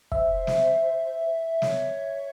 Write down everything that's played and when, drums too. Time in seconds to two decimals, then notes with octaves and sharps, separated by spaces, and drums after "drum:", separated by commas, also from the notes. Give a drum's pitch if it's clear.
0.12 C5 E5, drum: kick
0.47 drum: snare
1.62 C#5, drum: snare